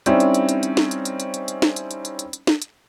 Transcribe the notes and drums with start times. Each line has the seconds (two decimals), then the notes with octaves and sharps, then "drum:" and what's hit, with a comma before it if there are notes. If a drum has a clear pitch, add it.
0.06 G3 C4 C#4 D#4 E4, drum: hi-hat
0.20 drum: hi-hat
0.34 drum: hi-hat
0.49 drum: hi-hat
0.63 drum: hi-hat
0.77 drum: snare
0.91 drum: hi-hat
1.05 drum: hi-hat
1.20 drum: hi-hat
1.34 drum: hi-hat
1.48 drum: hi-hat
1.62 drum: snare
1.76 drum: hi-hat
1.91 drum: hi-hat
2.05 drum: hi-hat
2.19 drum: hi-hat
2.33 drum: hi-hat
2.47 drum: snare
2.62 drum: hi-hat